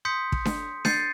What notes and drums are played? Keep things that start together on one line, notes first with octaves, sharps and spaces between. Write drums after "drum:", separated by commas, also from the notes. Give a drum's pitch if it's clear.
C6 D#6 G6 B6 C#7
drum: kick
drum: snare D4
G6 A6 C7 C#7 D#7, drum: snare D4